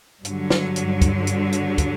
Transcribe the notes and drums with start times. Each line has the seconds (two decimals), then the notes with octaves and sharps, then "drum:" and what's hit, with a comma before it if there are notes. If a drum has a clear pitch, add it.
0.25 G2 D3 F#3, drum: hi-hat
0.50 drum: snare
0.76 drum: hi-hat
1.01 drum: kick, hi-hat
1.27 drum: hi-hat
1.53 drum: hi-hat
1.78 drum: kick, hi-hat